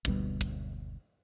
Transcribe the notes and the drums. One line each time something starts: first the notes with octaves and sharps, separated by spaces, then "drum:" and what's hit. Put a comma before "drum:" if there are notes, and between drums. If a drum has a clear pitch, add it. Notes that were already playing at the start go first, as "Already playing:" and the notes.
F#1 D2 B2 G3, drum: kick, hi-hat
drum: kick, hi-hat